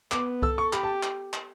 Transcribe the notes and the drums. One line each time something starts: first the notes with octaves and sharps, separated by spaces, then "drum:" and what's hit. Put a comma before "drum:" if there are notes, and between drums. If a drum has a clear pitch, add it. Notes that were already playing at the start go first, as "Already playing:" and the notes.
B3 D6, drum: clap
A4 E6, drum: kick C2
C#6
G4 B5, drum: clap
A5
drum: clap
drum: clap